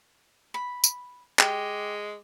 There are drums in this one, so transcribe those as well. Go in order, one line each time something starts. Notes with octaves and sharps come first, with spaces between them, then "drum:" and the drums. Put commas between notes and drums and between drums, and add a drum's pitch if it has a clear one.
B5
drum: tambourine
G#3 G4, drum: clap